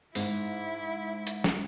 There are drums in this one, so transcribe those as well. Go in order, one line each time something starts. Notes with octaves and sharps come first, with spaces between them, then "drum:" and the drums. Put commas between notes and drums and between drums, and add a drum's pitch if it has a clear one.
G#2 E4, drum: open hi-hat
drum: hi-hat
drum: snare